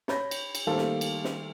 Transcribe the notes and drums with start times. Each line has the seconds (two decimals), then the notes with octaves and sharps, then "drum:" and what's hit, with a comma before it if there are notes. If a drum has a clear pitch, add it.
0.08 C#5 B5 G6 A#6, drum: snare
0.31 drum: cymbal
0.55 drum: cymbal
0.67 D#3 G3 A3 A#3 A4 C5
0.78 drum: snare
1.01 drum: cymbal
1.25 drum: snare